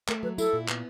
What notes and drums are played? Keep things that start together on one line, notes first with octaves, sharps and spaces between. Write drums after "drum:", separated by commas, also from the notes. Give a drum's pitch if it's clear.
A3 A#4, drum: clap
F#3 B4
E4 A4, drum: tambourine
A#2
B3, drum: clap